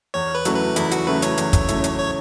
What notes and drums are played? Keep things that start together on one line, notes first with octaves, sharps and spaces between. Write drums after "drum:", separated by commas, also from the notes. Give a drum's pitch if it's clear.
E2 C#5
B4
C#3 F#3 A3 E4, drum: hi-hat
B4
E2 E4, drum: hi-hat
F#4, drum: hi-hat
C#3 F#3 A3 E4 B4
C#5, drum: hi-hat
E2, drum: hi-hat
drum: kick, hi-hat
C#3 F#3 A3 E4, drum: hi-hat
drum: hi-hat
C#5